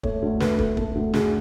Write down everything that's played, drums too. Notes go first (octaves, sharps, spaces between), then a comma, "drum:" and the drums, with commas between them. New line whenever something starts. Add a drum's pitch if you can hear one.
A3 C#5, drum: kick
D2
A3 B4, drum: snare
A3, drum: kick
A3 A4, drum: kick
D2
D2 G#4, drum: snare